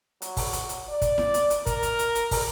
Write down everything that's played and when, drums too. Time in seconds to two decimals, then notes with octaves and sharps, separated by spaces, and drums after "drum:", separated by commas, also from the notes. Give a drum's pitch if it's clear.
0.22 F#3, drum: hi-hat
0.37 drum: kick, open hi-hat
0.53 drum: hi-hat
0.69 drum: hi-hat
0.89 D5
1.02 drum: kick, hi-hat
1.18 drum: snare E4
1.34 drum: hi-hat
1.50 drum: hi-hat
1.66 A#4, drum: kick, hi-hat
1.83 drum: hi-hat
1.99 drum: hi-hat
2.15 drum: hi-hat
2.31 drum: kick, open hi-hat